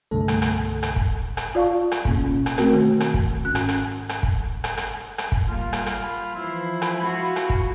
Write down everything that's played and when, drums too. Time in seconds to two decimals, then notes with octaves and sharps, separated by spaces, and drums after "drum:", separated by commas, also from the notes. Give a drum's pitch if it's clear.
0.11 C2 G2 B2 D3 A3 A4
0.28 drum: rim click
0.42 drum: rim click
0.83 drum: rim click
0.96 drum: kick
1.37 drum: rim click
1.55 F4 D5 F5 A5 C#6
1.92 drum: rim click
2.05 B2 A#3 C#4, drum: kick
2.46 drum: rim click
2.58 A3 C4 F#4 A#4, drum: rim click
2.73 D#3
3.00 drum: rim click
3.14 drum: kick
3.45 G#2 C#4 F#6
3.55 drum: rim click
3.68 drum: rim click
4.09 drum: rim click
4.23 drum: kick
4.64 drum: rim click
4.77 drum: rim click
5.18 drum: rim click
5.32 drum: kick
5.48 G3 A#3 F4
5.73 drum: rim click
5.86 drum: rim click
6.02 B5
6.36 E3 F3 E4 C5
6.82 drum: rim click
7.02 F4 F#4
7.36 drum: rim click
7.50 drum: kick